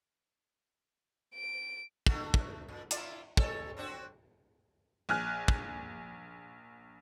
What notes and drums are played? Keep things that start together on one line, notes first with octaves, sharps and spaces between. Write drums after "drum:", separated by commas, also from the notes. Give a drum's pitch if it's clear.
D7
D3 A3 F#4, drum: kick
drum: kick
A#2
E4 F4 D5, drum: hi-hat
G3 A4 C#5, drum: kick
C4 D4 F#4
A#1 G#5 F6 F#6
drum: kick